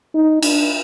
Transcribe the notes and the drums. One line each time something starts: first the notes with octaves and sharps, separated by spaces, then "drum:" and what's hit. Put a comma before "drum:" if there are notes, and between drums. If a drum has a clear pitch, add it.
D#4
D4, drum: cymbal